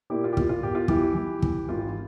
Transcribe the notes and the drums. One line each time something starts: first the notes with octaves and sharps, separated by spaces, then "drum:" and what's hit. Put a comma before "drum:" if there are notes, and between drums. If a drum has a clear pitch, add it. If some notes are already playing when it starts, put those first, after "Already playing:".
A#2 E4 G4
F4
G4
A#2 F4, drum: kick
F4
E2 G4
F4
E3 E4 G4, drum: kick
E3
E3, drum: kick
G#1 F4